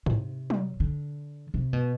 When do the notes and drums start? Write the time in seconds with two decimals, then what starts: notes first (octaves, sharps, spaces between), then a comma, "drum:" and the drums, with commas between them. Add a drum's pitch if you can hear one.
0.06 C3, drum: tom G#2
0.50 drum: tom F#3
0.80 D3
1.54 C3
1.73 B2